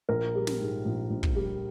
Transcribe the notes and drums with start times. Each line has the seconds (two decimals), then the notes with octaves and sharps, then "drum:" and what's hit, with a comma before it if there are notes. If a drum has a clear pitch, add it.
0.09 A#1 A#4
0.35 G3
0.47 drum: snare
0.60 G#2
0.85 A#1
1.10 A#1
1.23 drum: kick
1.36 G3